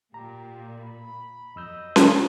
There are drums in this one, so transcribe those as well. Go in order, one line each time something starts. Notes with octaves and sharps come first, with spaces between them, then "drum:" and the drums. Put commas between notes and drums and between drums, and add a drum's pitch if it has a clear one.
A#2 G4 A#5
B5
F2 F#3 D#5 E6 G6
drum: snare C#4